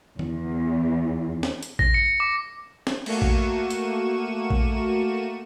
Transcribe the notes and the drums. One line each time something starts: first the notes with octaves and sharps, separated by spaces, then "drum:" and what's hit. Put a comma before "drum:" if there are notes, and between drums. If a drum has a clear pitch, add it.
E2, drum: tom D3
drum: snare
drum: hi-hat
A#6, drum: kick A#1
C#7
D6
drum: snare
A3 A#3 F#4 C#6 D#7 E7, drum: cymbal
drum: kick A#1
drum: hi-hat
drum: kick A#1